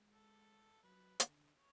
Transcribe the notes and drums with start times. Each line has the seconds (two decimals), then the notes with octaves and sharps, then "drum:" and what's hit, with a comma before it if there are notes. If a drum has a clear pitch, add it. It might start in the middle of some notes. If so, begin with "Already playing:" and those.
Already playing: G#3
0.11 A4
0.83 F#3 B4
1.20 D3, drum: hi-hat
1.56 C#5